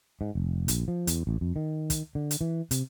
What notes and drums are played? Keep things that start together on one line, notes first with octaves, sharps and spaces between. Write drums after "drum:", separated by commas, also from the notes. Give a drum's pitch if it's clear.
G#2
F1
A#1, drum: hi-hat
F3
E2, drum: hi-hat
A1
F2
D#3
drum: kick, hi-hat
D3
drum: hi-hat
E3
C3, drum: hi-hat